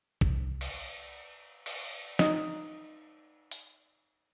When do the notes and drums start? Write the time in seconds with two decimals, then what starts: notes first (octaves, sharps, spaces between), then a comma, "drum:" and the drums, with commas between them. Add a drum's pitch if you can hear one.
0.21 C2, drum: kick
0.61 drum: cymbal
1.66 drum: cymbal
2.19 D#4 D#5, drum: snare
3.52 drum: open hi-hat